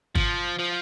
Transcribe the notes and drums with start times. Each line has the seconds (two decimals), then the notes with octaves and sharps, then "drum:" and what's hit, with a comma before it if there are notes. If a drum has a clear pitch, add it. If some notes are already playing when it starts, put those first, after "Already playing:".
0.15 F3, drum: kick
0.59 F3